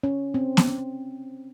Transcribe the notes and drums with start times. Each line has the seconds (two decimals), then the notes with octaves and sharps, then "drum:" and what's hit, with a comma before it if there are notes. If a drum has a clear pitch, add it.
0.03 C#4
0.34 C4
0.57 drum: snare B3